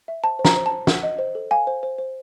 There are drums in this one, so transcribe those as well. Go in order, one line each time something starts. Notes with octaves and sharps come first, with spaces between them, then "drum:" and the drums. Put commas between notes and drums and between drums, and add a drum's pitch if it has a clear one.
E5
C5 A5
C5
A#5, drum: snare
C5
A5
C5
F#5, drum: snare
D#5
C5
A4
F5 G#5
C5
C5
C5